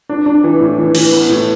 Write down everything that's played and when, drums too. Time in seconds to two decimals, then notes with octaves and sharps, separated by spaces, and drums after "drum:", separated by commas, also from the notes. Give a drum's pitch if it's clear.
0.09 D4
0.26 D4
0.44 E3
0.61 A2
0.79 E3
0.95 E3, drum: cymbal
1.12 B3
1.29 A2